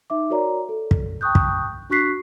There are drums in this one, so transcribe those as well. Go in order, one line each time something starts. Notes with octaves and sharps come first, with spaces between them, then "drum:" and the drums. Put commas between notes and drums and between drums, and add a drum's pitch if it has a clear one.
D#4 E5 D6
F#4 A#4 C#5 D5 A#5
A4
drum: kick
G5 A5 C#6 D#6 F#6 G6
drum: kick
D4 F#4 C#6 F#6 B6 C7